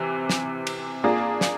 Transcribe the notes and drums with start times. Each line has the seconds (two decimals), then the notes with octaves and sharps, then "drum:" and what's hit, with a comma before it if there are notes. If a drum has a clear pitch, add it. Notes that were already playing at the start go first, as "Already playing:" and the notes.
Already playing: C3 E3
0.29 drum: snare
0.67 drum: cymbal
1.04 A#3 D4 F4 G#4
1.41 drum: snare